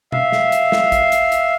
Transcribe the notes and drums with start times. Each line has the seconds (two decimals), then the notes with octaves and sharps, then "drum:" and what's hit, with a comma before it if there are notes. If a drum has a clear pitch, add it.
0.12 E5 F5, drum: tom B2
0.32 drum: snare
0.52 drum: hi-hat
0.72 drum: snare
0.92 drum: kick, hi-hat
1.12 drum: hi-hat
1.32 drum: hi-hat